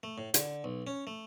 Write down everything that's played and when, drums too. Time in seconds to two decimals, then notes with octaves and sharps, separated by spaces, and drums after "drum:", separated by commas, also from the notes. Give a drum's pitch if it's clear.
0.03 A3
0.18 A2
0.34 D3, drum: hi-hat
0.64 B1
0.87 C#4
1.07 A3